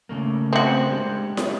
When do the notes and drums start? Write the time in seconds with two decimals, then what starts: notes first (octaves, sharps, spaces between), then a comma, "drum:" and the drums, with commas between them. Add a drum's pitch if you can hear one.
0.09 C#3 A3 A#3
0.53 C4 F#4
0.90 G#3 D4 G4
1.37 drum: snare